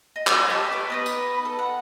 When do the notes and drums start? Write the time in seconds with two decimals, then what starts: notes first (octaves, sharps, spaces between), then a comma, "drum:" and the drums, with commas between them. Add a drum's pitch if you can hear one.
0.16 D#5
0.27 drum: clap
0.49 G4 C#5 D#5 A5
0.72 B4 C#6 D6
0.90 B3 D#4 B4
1.06 drum: tambourine
1.45 A4
1.59 F#5